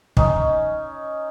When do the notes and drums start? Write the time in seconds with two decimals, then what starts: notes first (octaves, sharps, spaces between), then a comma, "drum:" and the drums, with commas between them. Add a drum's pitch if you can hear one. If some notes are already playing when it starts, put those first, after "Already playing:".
0.17 C#4 D#4, drum: kick